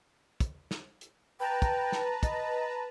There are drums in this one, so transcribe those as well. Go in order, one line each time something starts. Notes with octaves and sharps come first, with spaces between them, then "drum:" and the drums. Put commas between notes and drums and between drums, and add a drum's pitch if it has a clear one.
drum: kick, hi-hat
drum: snare
drum: hi-hat
B4 G5 A5 A#5
drum: kick, hi-hat
drum: snare
D#5, drum: kick, hi-hat